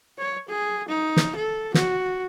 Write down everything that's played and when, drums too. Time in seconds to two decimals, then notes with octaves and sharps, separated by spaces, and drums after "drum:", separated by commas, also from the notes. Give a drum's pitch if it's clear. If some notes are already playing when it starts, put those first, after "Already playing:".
0.18 C#5
0.49 G#4
0.88 D#4
1.17 drum: snare
1.36 A4
1.74 F#4, drum: snare